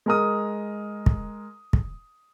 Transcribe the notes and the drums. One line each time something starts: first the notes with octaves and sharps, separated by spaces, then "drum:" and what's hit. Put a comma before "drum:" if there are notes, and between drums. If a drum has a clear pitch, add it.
G#3 A#4 D#6
drum: kick
drum: kick